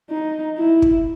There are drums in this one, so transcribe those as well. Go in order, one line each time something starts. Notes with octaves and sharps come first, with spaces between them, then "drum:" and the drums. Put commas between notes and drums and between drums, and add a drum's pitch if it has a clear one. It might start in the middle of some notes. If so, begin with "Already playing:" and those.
D#4
E4
drum: kick